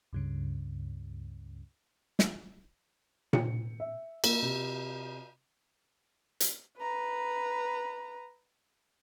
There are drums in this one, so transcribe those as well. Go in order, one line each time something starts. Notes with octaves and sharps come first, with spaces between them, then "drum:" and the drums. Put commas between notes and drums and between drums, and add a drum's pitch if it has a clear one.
C#2 G2 C#3
drum: snare
C#7, drum: tom A#2
E5
A#3, drum: cymbal
C3
drum: hi-hat
B4 A#5